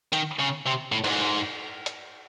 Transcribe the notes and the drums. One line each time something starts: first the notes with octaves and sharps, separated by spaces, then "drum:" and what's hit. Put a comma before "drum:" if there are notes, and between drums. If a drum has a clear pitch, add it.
D#3, drum: hi-hat
C#3
C3
A2
G#2, drum: cymbal
drum: hi-hat